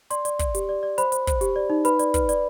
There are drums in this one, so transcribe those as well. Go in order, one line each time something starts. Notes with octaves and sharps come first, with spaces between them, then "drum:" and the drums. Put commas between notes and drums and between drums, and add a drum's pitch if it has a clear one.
D5 C6, drum: hi-hat
D5, drum: hi-hat
D5, drum: kick, hi-hat
G4, drum: hi-hat
D5
D5
C5 B5, drum: hi-hat
C5, drum: hi-hat
C5, drum: kick, hi-hat
G4, drum: hi-hat
D5
D#4
B4 B5, drum: hi-hat
D5, drum: hi-hat
B4, drum: kick, hi-hat
D5, drum: hi-hat